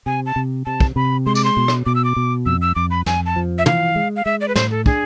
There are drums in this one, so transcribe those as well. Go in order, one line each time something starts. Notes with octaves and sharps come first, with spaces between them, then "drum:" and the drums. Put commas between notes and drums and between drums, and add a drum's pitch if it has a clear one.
C3 G#5
A5
C3
C3 A5
drum: kick
C3 B5
G#3 C6
D6, drum: tambourine
C6
B2
drum: rim click
B2 D6
E6
D6
B2
F2 E6
E6
F2 D6
B5
F2 G#5, drum: snare
A5
F3
E5
E3 F5, drum: tom
G#3
F5
G#3 E5
D5
B4
A2 C5, drum: snare
A4
D4 G#4, drum: kick